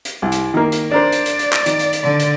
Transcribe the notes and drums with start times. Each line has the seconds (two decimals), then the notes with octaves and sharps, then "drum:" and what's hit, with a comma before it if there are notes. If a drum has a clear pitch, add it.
0.05 drum: hi-hat
0.22 C2
0.32 drum: hi-hat
0.54 D#3 A#3
0.72 drum: hi-hat
0.91 D4 A#4 C5 D5
1.12 drum: hi-hat
1.26 drum: hi-hat
1.39 drum: hi-hat
1.53 drum: clap
1.66 D#3, drum: hi-hat
1.79 drum: hi-hat
1.93 drum: hi-hat
2.03 D3 D5
2.20 drum: hi-hat